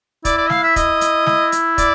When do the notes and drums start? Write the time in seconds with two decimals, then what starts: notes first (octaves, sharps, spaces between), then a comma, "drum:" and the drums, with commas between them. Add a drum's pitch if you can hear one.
0.25 E4 D5, drum: kick, hi-hat
0.38 D5
0.50 F5, drum: snare
0.63 E5
0.76 D#5, drum: kick, hi-hat
1.01 drum: hi-hat
1.26 E4, drum: snare
1.52 drum: hi-hat
1.78 D5, drum: kick, hi-hat